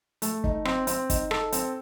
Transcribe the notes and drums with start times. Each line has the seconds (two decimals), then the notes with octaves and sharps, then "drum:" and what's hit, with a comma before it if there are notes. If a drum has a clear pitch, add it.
0.22 A3, drum: hi-hat
0.44 D#4, drum: kick
0.65 C4, drum: rim click
0.87 C4, drum: hi-hat
1.10 D#4, drum: kick, hi-hat
1.31 A4, drum: rim click
1.52 C4, drum: hi-hat